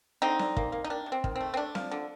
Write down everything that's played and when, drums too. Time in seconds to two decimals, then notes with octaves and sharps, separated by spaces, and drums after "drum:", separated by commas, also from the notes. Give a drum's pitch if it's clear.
0.22 D3 C4 D#4
0.39 D3, drum: snare C4
0.57 A#3, drum: kick
0.72 A#3
0.84 D#4
0.90 D#3 D4
1.06 C3
1.12 C4
1.24 D#3, drum: kick
1.36 A3 C4
1.54 C4
1.57 A3 D4
1.75 F3, drum: snare C4
1.92 D3